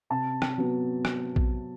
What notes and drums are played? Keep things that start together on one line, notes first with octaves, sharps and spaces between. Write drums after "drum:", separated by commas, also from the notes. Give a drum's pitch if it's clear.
C3 A5
drum: rim click
F#3 B3
drum: rim click
drum: kick A#1